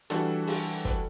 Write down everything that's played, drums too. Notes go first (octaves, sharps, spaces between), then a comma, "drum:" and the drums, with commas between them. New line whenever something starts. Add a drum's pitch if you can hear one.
E3 G3 D4 F#4 A4, drum: rim click
drum: open hi-hat
drum: kick, hi-hat